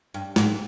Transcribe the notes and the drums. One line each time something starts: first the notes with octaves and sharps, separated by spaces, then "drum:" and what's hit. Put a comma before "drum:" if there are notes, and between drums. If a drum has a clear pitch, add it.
G2
G#2, drum: snare